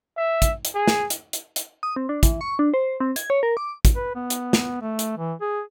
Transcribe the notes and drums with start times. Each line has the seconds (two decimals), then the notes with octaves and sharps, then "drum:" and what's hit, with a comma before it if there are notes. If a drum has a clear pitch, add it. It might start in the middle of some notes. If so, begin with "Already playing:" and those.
0.17 E5
0.42 drum: kick, hi-hat
0.65 drum: hi-hat
0.75 G#4
0.88 drum: snare
1.10 drum: hi-hat
1.33 drum: hi-hat
1.56 drum: hi-hat
1.83 D#6
1.96 C4
2.09 D4
2.23 E3, drum: kick, hi-hat
2.41 C#6
2.59 D4
2.74 C5
3.00 C4
3.16 G#6, drum: hi-hat
3.30 C#5
3.43 A#4
3.57 D6
3.85 drum: kick, hi-hat
3.96 B4
4.15 B3
4.30 drum: hi-hat
4.53 drum: snare
4.82 A3
4.99 drum: hi-hat
5.17 E3
5.41 G#4